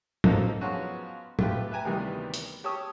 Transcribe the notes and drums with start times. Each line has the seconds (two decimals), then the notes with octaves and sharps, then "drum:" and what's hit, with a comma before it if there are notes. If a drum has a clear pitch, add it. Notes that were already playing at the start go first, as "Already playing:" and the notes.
0.24 F#3 A#3 D#4 A4 C5, drum: tom
0.61 F3 F#3 G#3 B3 C#4 F#4
1.39 A3 F4 G4 B4, drum: tom
1.71 B4 E5 G5 G#5 A#5
1.85 D2 C3 D#3 E3 G3 B3
2.34 drum: hi-hat
2.64 G4 C#5 A5 C#6 D#6 E6